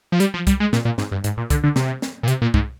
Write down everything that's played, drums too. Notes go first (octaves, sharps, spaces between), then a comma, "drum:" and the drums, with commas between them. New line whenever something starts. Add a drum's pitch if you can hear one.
F3
G3, drum: hi-hat
F3
G3, drum: kick C2, hi-hat
G#3
A#2, drum: snare
A#2
G#2, drum: snare
G2
G#2, drum: hi-hat
A#2
D3, drum: kick C2, hi-hat
D3
C3, drum: snare
drum: snare
A#2
C3, drum: hi-hat
A#2
G#2, drum: kick C2